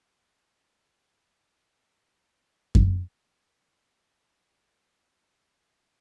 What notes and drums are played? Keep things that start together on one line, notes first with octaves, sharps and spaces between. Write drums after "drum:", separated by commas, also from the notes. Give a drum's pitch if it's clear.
C3 D#3 F#3 G#3 C4 D4
drum: kick F#2
A5
F5 D6 D#6